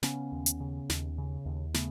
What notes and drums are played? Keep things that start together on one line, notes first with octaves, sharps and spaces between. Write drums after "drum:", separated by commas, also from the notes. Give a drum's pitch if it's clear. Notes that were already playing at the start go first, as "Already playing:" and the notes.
C#3 B3 C#4, drum: snare
D#2
drum: hi-hat
C#3
D#2, drum: snare
C#3
D#2
C#3 A3 B3, drum: snare